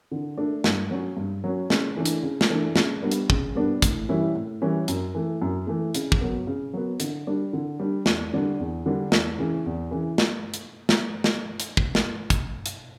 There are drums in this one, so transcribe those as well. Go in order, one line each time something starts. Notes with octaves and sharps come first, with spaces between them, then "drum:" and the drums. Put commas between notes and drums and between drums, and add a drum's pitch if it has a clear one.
D3
A3 D4
G2, drum: snare
F#3 C#4
G2
F#3 C#4
C#3, drum: snare
E3 A3 D4
drum: hi-hat
C#3
drum: snare
E3 A3 D4
C#3, drum: snare
G3 B3 D4
drum: hi-hat
C#3, drum: kick
G3 B3 D4
A2, drum: kick, hi-hat
E3 G3 C#4 E4
A2
E3 G3 C#4 E4
F#2, drum: hi-hat
E3 A3
F#2
E3 A3
C#3, drum: hi-hat
drum: kick
F#3 B3
C#3
F#3 B3
D3, drum: hi-hat
G3 D4
D3
G3 D4
E2, drum: snare
D3 G3 D4
E2
D3 G3 D4
E2, drum: snare
C#3 E3
E2
C#3 E3
drum: snare
drum: hi-hat
drum: snare
drum: snare
drum: hi-hat
drum: kick
drum: snare
drum: kick, hi-hat
drum: hi-hat